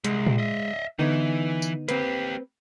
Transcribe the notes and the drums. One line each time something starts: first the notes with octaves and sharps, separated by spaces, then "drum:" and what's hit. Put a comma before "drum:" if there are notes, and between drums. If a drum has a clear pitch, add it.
C2 G#3, drum: hi-hat
drum: tom A#2
D#5 E5
D3 E3 B3 D#4
drum: tambourine
A#3 C4 G4 B4, drum: hi-hat